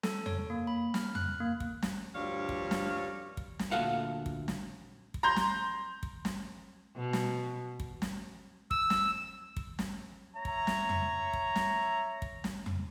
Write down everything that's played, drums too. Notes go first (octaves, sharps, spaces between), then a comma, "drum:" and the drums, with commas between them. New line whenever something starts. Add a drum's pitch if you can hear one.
A4, drum: snare
C#5, drum: tom F2
A#3
B5
F6, drum: snare
F#6, drum: tom F2
A#3
drum: kick
drum: snare
D2 G2 F3 C#5 D5 F5
drum: kick
drum: snare
drum: kick
drum: snare
D2 A#2 A4 F5 F#5
drum: kick
drum: snare
drum: kick
A#5 C6 G6
drum: snare
drum: kick
drum: snare
B2
drum: snare
drum: kick
drum: snare
E6, drum: kick
drum: snare
drum: kick
drum: snare
C#5 E5 A#5
drum: kick
drum: snare
drum: tom F2
drum: kick
drum: snare
drum: kick
drum: snare
drum: tom F2